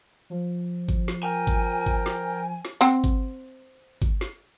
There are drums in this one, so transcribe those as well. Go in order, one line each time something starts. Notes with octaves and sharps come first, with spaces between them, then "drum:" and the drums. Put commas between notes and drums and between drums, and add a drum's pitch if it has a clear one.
F3
drum: kick G#1
drum: snare
A#4 G5 G#5
drum: kick G#1
drum: kick G#1
drum: snare
drum: snare
C4 F#5
drum: kick G#1
drum: kick G#1
drum: snare